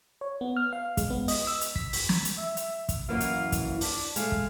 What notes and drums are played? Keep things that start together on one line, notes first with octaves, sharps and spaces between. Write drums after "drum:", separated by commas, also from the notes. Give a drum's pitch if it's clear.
C#5
B3
F6
F5
G#3, drum: kick, hi-hat
B3
D#5, drum: open hi-hat
E6
drum: hi-hat
B6, drum: kick
drum: open hi-hat
drum: snare
drum: hi-hat
E5
drum: hi-hat
drum: kick, hi-hat
F#2 E3 A#3 F5
drum: hi-hat
drum: kick, hi-hat
D4, drum: open hi-hat
G#3 A3 F5, drum: hi-hat
drum: kick